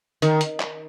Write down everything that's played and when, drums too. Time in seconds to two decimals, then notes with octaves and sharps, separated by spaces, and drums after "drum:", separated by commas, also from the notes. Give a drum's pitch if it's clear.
0.22 D#3, drum: hi-hat
0.41 drum: hi-hat
0.60 drum: clap